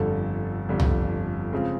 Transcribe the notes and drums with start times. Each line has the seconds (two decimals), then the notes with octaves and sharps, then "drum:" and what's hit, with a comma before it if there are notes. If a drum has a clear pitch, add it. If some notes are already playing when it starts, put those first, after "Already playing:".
Already playing: G1 F2 D3 G3 A4
0.69 G1 F2 D3 G3
0.80 drum: tom C2
1.53 C#3 F3 G#3 C4